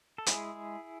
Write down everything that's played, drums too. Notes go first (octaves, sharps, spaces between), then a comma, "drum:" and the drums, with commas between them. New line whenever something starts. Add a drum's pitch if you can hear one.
A4
G#3 E4 G#4, drum: hi-hat